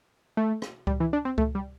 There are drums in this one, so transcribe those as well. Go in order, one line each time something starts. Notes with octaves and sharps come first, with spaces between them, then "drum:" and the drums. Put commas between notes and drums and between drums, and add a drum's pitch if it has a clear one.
A3
drum: rim click
G3, drum: kick C#2
E3
D4
C4
A3, drum: kick C#2
G3